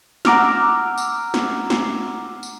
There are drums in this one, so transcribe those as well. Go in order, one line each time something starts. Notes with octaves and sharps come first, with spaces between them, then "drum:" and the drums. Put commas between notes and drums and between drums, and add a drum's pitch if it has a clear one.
F#5 A#5 D6 E6 F6, drum: snare
drum: tambourine
drum: snare
drum: snare
drum: tambourine